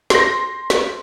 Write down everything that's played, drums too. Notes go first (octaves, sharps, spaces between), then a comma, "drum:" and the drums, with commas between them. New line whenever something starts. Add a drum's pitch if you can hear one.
C6 A#6, drum: snare
drum: snare